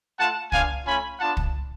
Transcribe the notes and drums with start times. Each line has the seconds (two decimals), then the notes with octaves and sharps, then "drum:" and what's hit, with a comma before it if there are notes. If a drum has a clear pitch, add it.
0.18 A3 F4 F#5 A5
0.52 B3 D4 F4 F5 G#5, drum: kick
0.86 A3 C#4 F4 G#5 B5
1.19 B3 D4 F4 F#5 A5
1.37 drum: kick